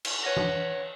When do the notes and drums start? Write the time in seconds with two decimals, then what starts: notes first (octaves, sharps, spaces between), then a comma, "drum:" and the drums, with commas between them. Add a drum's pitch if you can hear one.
0.05 drum: cymbal
0.24 B4 C#5 F#5 A#6
0.37 drum: tom E3